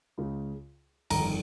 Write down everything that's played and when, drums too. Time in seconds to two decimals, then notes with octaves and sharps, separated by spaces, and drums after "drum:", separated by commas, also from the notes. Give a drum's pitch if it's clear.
0.18 C#2 C#3
1.10 G1 F2 D#3 A#5, drum: cymbal